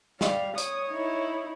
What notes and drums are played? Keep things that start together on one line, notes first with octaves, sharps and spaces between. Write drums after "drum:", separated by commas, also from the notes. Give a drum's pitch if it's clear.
G3 F5, drum: snare
C#5 D#6, drum: hi-hat
D#4 E4